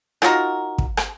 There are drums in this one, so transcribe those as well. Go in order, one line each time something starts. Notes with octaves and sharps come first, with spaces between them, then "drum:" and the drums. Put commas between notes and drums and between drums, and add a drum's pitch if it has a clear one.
D#4 F4 F#4 A#4, drum: rim click
drum: kick
drum: rim click